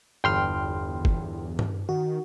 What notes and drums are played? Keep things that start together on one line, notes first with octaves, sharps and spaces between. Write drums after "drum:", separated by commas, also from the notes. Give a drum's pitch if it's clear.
G1 E2 G2 G5 C6 F6
drum: kick
drum: tom G2
D#3 F#4